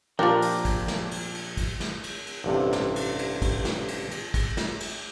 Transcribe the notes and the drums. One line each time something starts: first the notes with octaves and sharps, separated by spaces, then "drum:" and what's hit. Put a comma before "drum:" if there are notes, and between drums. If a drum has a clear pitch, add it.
A#2 F3 D4 F4 G4 A#4 G5
drum: cymbal
drum: kick, cymbal
drum: snare
drum: cymbal
drum: cymbal
drum: kick, cymbal
drum: snare
drum: cymbal
drum: cymbal
A1 G2 C3
drum: snare
drum: cymbal
drum: cymbal
drum: kick, cymbal
drum: snare
drum: cymbal
drum: cymbal
drum: kick, cymbal
drum: snare
drum: cymbal